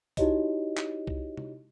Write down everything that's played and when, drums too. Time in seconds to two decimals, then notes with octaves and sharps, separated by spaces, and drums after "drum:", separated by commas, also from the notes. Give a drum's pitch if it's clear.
0.17 D#4 E4 F#4 G4 C#5 D#5, drum: kick C2, hi-hat
0.77 drum: clap
1.07 drum: kick C2
1.37 drum: tom C3